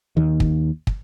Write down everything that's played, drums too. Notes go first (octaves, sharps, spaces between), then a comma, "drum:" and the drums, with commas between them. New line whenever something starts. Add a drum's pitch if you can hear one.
D#2 D#3
drum: kick
drum: kick